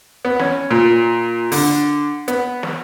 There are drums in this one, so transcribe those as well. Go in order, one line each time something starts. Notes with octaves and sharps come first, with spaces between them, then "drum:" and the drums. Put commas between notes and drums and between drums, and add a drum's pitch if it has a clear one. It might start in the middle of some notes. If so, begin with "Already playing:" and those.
B3
C#4, drum: snare
A#2
D3, drum: open hi-hat
B3, drum: hi-hat
drum: snare